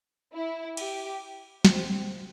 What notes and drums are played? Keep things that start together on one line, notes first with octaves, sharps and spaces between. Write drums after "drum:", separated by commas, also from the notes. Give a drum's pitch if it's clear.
E4
G4, drum: cymbal
C4, drum: snare